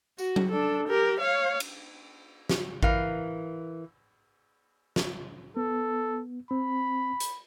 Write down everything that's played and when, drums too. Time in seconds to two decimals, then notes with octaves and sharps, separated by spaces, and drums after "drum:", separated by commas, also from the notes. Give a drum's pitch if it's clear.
0.18 F#4, drum: tambourine
0.36 drum: tom F#3
0.52 D4 A4
0.88 G4 A#4
1.20 C#5 F5
1.60 drum: cymbal
2.49 drum: snare
2.83 E3 A#4 F5, drum: kick A1
4.96 drum: snare
5.57 B3 A4
6.51 C4 B5
7.20 drum: hi-hat